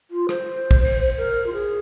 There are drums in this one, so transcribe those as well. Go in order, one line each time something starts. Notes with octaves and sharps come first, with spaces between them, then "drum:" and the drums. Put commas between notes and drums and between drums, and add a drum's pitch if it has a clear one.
F4
C5, drum: rim click
drum: kick A#1
drum: cymbal
A#4
F4
G#4